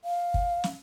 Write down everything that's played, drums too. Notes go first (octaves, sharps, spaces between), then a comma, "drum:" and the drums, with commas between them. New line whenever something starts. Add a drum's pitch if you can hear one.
F5
drum: kick
drum: snare